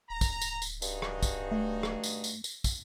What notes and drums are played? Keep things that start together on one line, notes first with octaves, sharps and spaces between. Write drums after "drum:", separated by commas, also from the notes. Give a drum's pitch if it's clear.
D1 A#5
drum: kick, tambourine
drum: tambourine
drum: tambourine
G2 D#4 F#4 G#4, drum: tambourine
drum: rim click
drum: kick, tambourine
A3
drum: rim click
drum: tambourine
drum: tambourine
drum: tambourine
drum: kick, tambourine